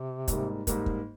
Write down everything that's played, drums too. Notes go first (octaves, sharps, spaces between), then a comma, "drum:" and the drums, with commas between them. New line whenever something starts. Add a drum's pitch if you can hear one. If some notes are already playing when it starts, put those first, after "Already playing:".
Already playing: C3
G#2 G3 A#3, drum: kick, hi-hat
G#2 G3 A#3, drum: kick, hi-hat
drum: kick